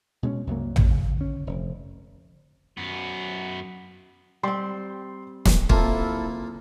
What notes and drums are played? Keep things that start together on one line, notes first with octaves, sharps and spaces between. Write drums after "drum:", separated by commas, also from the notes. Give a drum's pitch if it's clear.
B2 G#3 C4 C#4
C2 F#2 F#3 A#3
drum: tom A1
C#3
D3 C#4
F1
F#2 B3
G3 C4 G5 C6
drum: snare
F#1 C3 A#3 E4 F4 A4 A5, drum: kick